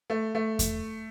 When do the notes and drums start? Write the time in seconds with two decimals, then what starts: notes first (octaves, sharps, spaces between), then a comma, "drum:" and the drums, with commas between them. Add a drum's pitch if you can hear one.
0.10 A3
0.35 A3
0.59 drum: kick E2, hi-hat